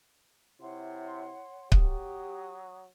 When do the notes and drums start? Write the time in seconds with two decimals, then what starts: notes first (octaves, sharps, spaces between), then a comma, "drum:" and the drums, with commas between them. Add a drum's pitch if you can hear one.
0.61 C3 E4 C#5 F#5 C6
1.72 F#3 G4 D#6, drum: kick C#1